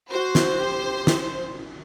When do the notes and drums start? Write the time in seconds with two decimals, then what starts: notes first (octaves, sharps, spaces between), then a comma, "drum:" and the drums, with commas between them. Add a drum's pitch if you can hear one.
0.11 F#4 C5
0.35 drum: snare
0.59 G4
1.07 drum: snare